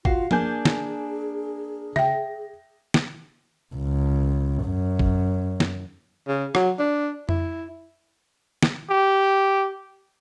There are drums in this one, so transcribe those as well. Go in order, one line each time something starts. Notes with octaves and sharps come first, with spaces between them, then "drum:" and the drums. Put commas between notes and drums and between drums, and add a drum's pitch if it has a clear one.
F4 F#4 F5, drum: kick
A#3 D4 G#4 G#5 G6, drum: tom F3
drum: snare
E5 G5 A#6, drum: tom C#3
drum: snare
C#2
F#2
drum: kick
drum: snare
C#3
F#3, drum: rim click
D4
E4, drum: tom F2
drum: snare
G4